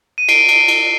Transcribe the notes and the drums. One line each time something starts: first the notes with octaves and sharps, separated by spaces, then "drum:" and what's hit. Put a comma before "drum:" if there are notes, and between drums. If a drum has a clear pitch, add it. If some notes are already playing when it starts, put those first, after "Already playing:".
D#7
C7 D7, drum: cymbal
drum: cymbal
drum: cymbal